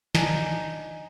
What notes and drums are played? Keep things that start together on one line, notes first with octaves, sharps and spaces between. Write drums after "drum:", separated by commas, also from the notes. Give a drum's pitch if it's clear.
D4 D#4 G#5, drum: snare